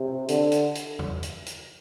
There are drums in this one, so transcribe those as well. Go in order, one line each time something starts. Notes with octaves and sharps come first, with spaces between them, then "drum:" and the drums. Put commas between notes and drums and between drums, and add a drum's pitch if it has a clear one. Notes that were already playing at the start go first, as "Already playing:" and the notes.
Already playing: C3
D3, drum: hi-hat
drum: hi-hat
drum: hi-hat
drum: tom E2
drum: hi-hat
drum: hi-hat